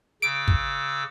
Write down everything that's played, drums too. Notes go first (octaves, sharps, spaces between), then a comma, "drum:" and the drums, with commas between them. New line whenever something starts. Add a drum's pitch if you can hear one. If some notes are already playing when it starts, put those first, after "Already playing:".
C#3 D6 E6 D7
drum: kick